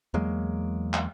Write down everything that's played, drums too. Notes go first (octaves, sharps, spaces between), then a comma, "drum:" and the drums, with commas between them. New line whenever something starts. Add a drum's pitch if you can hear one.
E2 F#3 G#3 A#3
drum: clap